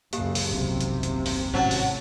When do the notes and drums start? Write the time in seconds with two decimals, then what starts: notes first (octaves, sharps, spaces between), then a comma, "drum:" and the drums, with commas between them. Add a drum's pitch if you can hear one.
0.13 C#2 F#2 A#3 G4 F5, drum: hi-hat
0.35 drum: open hi-hat
0.53 D#1 B1 F#2 C3
0.81 drum: hi-hat
1.03 drum: hi-hat
1.26 drum: open hi-hat
1.54 G#1 A2 F#3 C#4 C5 A5 A6
1.71 drum: open hi-hat